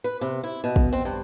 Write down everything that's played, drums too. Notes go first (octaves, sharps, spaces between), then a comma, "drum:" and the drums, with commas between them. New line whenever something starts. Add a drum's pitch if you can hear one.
B4
C3
E4
B2
drum: kick
C4
G2